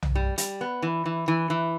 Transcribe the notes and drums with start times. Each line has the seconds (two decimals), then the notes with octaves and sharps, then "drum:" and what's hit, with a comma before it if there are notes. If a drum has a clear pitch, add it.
0.03 drum: tom
0.15 G3
0.38 G3, drum: hi-hat
0.61 B3
0.82 E3
1.06 E3
1.28 E3
1.50 E3